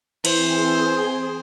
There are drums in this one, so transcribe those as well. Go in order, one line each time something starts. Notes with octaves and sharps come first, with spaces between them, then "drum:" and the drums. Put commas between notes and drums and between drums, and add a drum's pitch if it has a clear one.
E3 C4 G#4 C5, drum: cymbal